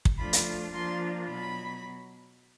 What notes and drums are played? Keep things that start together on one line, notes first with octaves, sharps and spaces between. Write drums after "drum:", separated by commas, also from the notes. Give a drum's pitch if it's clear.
drum: kick
F3 A3 D4 F4 B5
drum: hi-hat
F3 A#3 D4 F4 C6
B2 F#3 B5